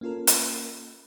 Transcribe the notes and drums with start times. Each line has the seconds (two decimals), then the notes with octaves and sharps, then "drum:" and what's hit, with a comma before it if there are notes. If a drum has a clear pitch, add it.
0.01 A#3 C#4 F4 A4 A#4
0.27 drum: hi-hat